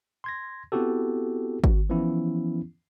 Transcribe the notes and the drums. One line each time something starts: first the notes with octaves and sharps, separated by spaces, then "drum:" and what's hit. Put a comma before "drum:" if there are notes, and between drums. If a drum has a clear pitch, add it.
C6 G#6 A#6
B3 C4 E4 F#4 G4 A4
F#4, drum: kick G#1
E3 F3 B3 C#4 E4